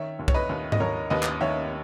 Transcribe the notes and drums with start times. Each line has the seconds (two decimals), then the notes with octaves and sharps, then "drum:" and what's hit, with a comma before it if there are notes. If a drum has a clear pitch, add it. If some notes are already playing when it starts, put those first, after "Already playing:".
Already playing: D#3 C#5 E5
0.19 D#2
0.28 C#5, drum: kick C2
0.34 B4 D#5
0.49 D#2
0.72 D#5, drum: tom G#2
0.80 D#2 A#4 C#5
1.10 D#2 B4 D#5
1.23 drum: clap
1.41 D#3 C#5 E5